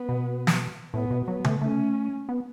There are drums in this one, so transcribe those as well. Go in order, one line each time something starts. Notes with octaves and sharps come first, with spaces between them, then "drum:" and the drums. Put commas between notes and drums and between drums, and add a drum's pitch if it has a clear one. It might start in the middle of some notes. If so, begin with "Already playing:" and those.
Already playing: B3
B2
drum: snare
A2 B3
B2
F#3 B3
A3, drum: tom C#3
A3 C#4
B3